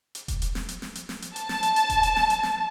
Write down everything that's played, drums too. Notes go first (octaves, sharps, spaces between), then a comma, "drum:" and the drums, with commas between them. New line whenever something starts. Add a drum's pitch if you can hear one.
drum: hi-hat
drum: kick E1, hi-hat
drum: hi-hat
drum: snare
drum: hi-hat
drum: snare
drum: hi-hat
drum: snare
drum: hi-hat
A5, drum: hi-hat
drum: snare
drum: hi-hat
drum: hi-hat
drum: kick E1, hi-hat
drum: hi-hat
drum: snare
drum: hi-hat
drum: snare